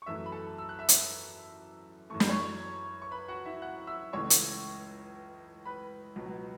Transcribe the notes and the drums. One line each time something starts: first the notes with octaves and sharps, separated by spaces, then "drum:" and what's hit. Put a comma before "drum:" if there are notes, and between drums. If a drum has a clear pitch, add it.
C#6
F#2 E3 A3 E5 E6
B5
A4 A5
E6
F#6
E5 E6
drum: hi-hat
F#2 E3 A3 C#6
B5, drum: snare
C#5 C#6
C#6
B4 B5
F#4 F#5
E4 E5
F#5 F#6
E5 E6
C#2 C#3 E3 A3 C#5 C#6
drum: hi-hat
B4 B5
C#2 B2 F#3